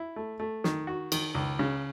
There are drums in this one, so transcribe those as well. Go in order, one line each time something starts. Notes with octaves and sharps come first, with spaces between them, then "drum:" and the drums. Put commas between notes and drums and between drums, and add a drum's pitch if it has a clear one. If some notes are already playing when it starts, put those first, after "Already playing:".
Already playing: E4
A3
A3
D#3, drum: snare
F#4
D#3, drum: cymbal
C#2
C#3